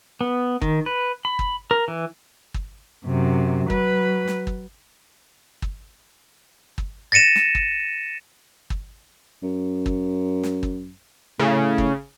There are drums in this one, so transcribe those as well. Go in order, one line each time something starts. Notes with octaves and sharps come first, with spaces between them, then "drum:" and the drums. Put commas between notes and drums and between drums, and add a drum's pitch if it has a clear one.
B3
D#3, drum: kick
B4
B5
drum: kick
A#4
E3
drum: kick
F#2 C3
F#3 B4, drum: kick
drum: snare
drum: kick
drum: kick
drum: kick
A6 A#6 C#7 D#7 E7
drum: snare
drum: kick
drum: kick
F#2
drum: kick
drum: snare
drum: kick
A2 C#3
drum: kick